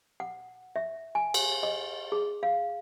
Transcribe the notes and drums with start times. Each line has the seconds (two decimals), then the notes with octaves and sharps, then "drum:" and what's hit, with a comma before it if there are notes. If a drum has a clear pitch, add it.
0.20 F#5
0.76 E5
1.15 G#5
1.34 drum: cymbal
1.63 D#5
2.12 G#4
2.43 F5